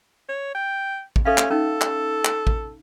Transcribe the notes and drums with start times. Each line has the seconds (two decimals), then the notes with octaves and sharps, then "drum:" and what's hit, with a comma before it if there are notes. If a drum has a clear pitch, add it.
0.29 C#5
0.54 G5
1.16 drum: kick A1
1.25 C#4 A4 E5 F5
1.38 drum: clap
1.50 C#4 D#4 A4
1.81 drum: clap
2.25 drum: clap
2.47 drum: kick A1